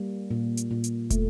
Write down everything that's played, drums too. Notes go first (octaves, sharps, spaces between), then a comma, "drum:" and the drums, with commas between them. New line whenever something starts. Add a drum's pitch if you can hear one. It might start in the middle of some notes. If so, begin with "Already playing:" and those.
Already playing: G3 A#3
A#2
drum: hi-hat
A#2
drum: hi-hat
A3, drum: kick, hi-hat